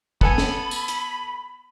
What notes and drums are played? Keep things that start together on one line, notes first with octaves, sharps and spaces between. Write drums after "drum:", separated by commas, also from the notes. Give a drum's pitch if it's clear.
B3 A4 G#5 B5, drum: kick
drum: snare
drum: tambourine
drum: hi-hat